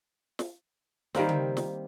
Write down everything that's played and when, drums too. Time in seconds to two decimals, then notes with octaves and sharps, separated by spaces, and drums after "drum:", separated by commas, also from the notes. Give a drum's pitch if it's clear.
0.39 drum: snare
1.15 D#3 G3 A#3 C4, drum: snare
1.29 drum: tom C#3
1.57 drum: snare